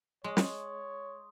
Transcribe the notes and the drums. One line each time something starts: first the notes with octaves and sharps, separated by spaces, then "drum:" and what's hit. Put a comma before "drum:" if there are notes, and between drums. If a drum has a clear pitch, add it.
G#3 C#5 C6 D#6
drum: snare